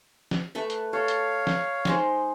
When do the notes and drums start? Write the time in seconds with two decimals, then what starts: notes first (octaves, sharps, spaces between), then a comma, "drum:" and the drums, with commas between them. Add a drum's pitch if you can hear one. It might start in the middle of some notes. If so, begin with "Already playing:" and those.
0.31 drum: snare
0.55 A3 B4 E5
0.70 drum: hi-hat
0.93 A4 C#5 F5
1.08 drum: hi-hat
1.47 drum: snare
1.85 G#3 D#4 C5, drum: snare